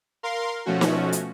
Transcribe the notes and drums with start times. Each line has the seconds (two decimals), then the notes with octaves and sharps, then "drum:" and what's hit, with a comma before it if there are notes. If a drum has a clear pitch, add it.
0.23 A#4 F5 C6
0.66 B2 F3 A3 C#4 F#4
0.81 drum: snare
1.12 drum: hi-hat